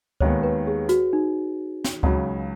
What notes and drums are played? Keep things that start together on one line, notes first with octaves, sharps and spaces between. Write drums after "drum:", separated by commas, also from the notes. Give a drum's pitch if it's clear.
D#2 D#3 G#3 B3 C#5, drum: kick D2
B4
G#4
F#4, drum: hi-hat
D#4
drum: snare
C#2 C#3 F#3, drum: kick D2